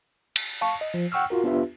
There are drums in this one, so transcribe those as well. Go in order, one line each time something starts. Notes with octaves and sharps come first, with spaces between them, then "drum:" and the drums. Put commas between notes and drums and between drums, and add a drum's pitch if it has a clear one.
drum: cymbal
F5 A5 C#6
D#5
F3
F#5 G5 C#6 E6 F6
F4 F#4 A#4
B3 D4 F4 G4 B4 E5